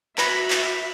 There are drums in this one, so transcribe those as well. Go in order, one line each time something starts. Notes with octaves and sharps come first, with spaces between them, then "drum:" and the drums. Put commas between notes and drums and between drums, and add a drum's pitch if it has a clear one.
F#4 B4 E5 A#5 B5, drum: clap
drum: clap